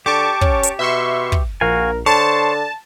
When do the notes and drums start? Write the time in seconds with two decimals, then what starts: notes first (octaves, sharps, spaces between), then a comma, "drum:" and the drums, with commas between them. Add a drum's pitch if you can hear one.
0.06 D3 G4 A5 C#6 D6
0.41 C#4, drum: kick
0.63 drum: hi-hat
0.79 B2 E5 C6 C#6
1.32 drum: kick
1.61 A#1 F#4 A#4 F5 G#5
2.06 D3 C5 C#5 A5